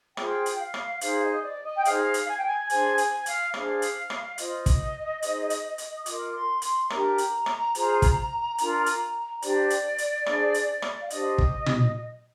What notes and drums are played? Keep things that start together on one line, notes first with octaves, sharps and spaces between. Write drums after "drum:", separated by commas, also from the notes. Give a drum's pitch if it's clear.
F4 G#4 C5 G5, drum: rim click
drum: hi-hat
F5
drum: rim click
D#4 G#4 C5 F5, drum: hi-hat
D#5
D5
D#5
G5
D#4 G#4 C5 F5, drum: hi-hat
drum: hi-hat
G#5
G5
G#5
D4 G#4 C5 G#5, drum: hi-hat
G#5, drum: hi-hat
F5, drum: hi-hat
D4 G#4 C5 F5, drum: rim click
drum: hi-hat
drum: rim click
F4 C5 D#5, drum: hi-hat
drum: kick, hi-hat
D#4 G#4 C5, drum: hi-hat
drum: hi-hat
drum: hi-hat
D#6
F4 A#4 D6, drum: hi-hat
C6
C6, drum: hi-hat
D4 G4 A#4 A#5, drum: rim click
drum: hi-hat
drum: rim click
F4 G#4 C5, drum: hi-hat
drum: kick, hi-hat
D4 F4 A#4, drum: hi-hat
drum: hi-hat
D4 G4 C5 D5, drum: hi-hat
drum: hi-hat
drum: hi-hat
D4 G#4 C5, drum: rim click
drum: hi-hat
drum: rim click
F5
D4 G4 C5 D#5, drum: hi-hat
drum: kick
drum: tom